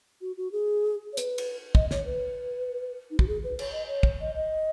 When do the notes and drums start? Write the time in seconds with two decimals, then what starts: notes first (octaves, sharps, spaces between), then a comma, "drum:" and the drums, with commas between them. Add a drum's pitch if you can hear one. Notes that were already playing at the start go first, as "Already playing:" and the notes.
0.21 F#4
0.37 F#4
0.52 G#4
1.13 C#5
1.17 B4, drum: hi-hat
1.38 drum: cymbal
1.75 D#5, drum: kick
1.91 C#5, drum: snare
2.05 B4
3.10 D#4
3.19 F#4, drum: kick
3.28 G#4
3.44 B4
3.59 C#5, drum: cymbal
3.72 D#5
3.87 C#5
4.03 drum: kick
4.20 D#5
4.35 D#5